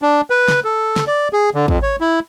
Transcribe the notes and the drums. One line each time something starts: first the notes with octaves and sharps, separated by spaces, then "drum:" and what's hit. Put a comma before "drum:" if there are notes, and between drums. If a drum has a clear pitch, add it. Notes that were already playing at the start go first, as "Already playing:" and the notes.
D4
B4
drum: snare
A4
drum: snare
D5
G#4
D3
F2, drum: kick
C#5
E4